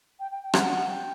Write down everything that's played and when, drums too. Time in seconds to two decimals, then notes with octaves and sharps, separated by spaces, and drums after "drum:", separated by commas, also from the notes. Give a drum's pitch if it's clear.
0.19 G5
0.31 G5
0.42 G5
0.53 F#5, drum: rim click
0.88 G5